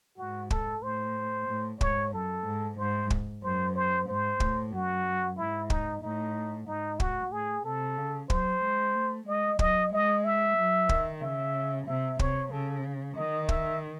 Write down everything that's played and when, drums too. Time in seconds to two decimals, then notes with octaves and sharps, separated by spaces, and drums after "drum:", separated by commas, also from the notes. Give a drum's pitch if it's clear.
0.18 G#2 F#4
0.50 A4, drum: kick
0.83 A2 C5
1.48 A2
1.81 G#2 C#5, drum: kick
2.13 F#2 A4
2.46 G#2
2.78 G#2 C5
3.10 drum: kick
3.43 F#2 C5
3.75 C5
4.08 G#2 C5
4.40 A2, drum: kick
4.72 F#2 F#4
5.37 G#2 E4
5.70 D#4, drum: kick
6.02 A2 D#4
6.67 G#2 D#4
7.00 F#4, drum: kick
7.32 A2 G#4
7.65 C3 A4
7.97 C#3
8.30 F#3 C5, drum: kick
8.63 G#3
8.95 A3
9.27 G#3 D#5
9.59 F#3 D#5, drum: kick
9.92 G#3 D#5
10.24 E5
10.57 F#3
10.89 D#3, drum: kick
11.21 C#3 E5
11.87 C3 E5
12.19 C3 C#5, drum: kick
12.51 C#3 A4
13.17 D#3 D#5
13.49 E5, drum: kick